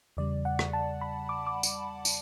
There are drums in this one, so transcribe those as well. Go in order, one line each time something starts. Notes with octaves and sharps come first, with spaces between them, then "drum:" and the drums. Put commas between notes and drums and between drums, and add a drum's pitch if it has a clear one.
E2 C#3 G3 D5
F#5
drum: rim click
A5
B5
D6
D6
drum: tambourine
drum: tambourine